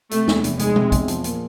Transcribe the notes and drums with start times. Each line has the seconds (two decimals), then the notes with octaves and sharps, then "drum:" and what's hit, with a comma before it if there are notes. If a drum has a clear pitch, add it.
0.11 C3 A3, drum: hi-hat
0.28 E2, drum: snare
0.44 F1, drum: hi-hat
0.59 F1 G#3, drum: hi-hat
0.76 C3, drum: tom B2
0.92 E2, drum: kick, hi-hat
1.08 F3, drum: hi-hat
1.24 A#2, drum: hi-hat